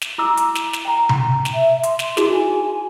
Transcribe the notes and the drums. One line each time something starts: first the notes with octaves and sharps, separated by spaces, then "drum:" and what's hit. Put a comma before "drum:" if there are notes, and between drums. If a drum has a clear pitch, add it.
drum: snare
E4 D6 E6
drum: hi-hat
drum: snare
drum: snare
G5 A#5
drum: tom C3
drum: snare
E5
C6, drum: hi-hat
drum: snare
D#4 E4 F#4 G#4, drum: snare
G#5